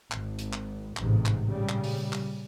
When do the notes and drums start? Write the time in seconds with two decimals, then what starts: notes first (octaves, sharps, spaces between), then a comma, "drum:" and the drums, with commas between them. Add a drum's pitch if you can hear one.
0.12 G#1, drum: clap
0.39 drum: hi-hat
0.53 drum: clap
0.97 A1 G#2 C3, drum: clap
1.26 drum: clap
1.46 A#2 C#3 G3
1.69 drum: clap
1.84 drum: open hi-hat
2.13 drum: clap